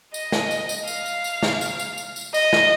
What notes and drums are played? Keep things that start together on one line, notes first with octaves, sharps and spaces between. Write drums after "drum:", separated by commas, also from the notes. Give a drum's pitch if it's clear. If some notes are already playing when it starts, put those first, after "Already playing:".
D#5, drum: tambourine
drum: snare
drum: tambourine
drum: tambourine
F5, drum: tambourine
drum: tambourine
drum: tambourine
drum: snare
drum: tambourine
drum: tambourine
drum: tambourine
drum: tambourine
D#5, drum: tambourine
drum: snare